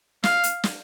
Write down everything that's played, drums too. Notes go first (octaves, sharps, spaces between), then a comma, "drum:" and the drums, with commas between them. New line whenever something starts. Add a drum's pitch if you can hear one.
F5, drum: snare
drum: hi-hat
drum: snare